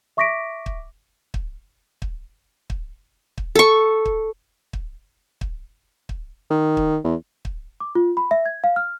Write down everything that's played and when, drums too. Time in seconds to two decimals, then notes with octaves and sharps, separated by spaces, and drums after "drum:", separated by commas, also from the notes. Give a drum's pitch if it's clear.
0.17 E5 C#6 D6 A#6 B6 D7
0.66 drum: kick
1.34 drum: kick
2.02 drum: kick
2.70 drum: kick
3.38 drum: kick
3.55 A4 C#6
4.05 drum: kick
4.73 drum: kick
5.41 drum: kick
6.09 drum: kick
6.50 D#3
6.77 drum: kick
7.04 E2
7.45 drum: kick
7.80 D6
7.95 F4
8.17 B5
8.31 E5
8.46 G#6
8.64 F5
8.76 F6